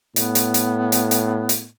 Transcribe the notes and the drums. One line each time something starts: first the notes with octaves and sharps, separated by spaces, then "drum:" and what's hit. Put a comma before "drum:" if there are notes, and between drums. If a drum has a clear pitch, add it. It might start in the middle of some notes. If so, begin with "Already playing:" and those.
A2 B3, drum: hi-hat
drum: hi-hat
drum: hi-hat
drum: hi-hat
drum: hi-hat
drum: hi-hat